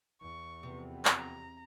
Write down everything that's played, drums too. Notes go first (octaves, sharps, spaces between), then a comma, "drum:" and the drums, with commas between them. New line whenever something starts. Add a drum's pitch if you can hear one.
E2 C#6
F2 C3 B3
A#5, drum: clap